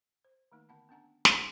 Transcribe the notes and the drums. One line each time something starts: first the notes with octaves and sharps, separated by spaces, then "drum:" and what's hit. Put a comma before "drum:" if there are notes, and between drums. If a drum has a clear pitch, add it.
C5
D#3 A3 A#3 D#4
D3 B3 F#5 A5 B5
B3 C#4 D4 F#5 G#5 A#5
drum: snare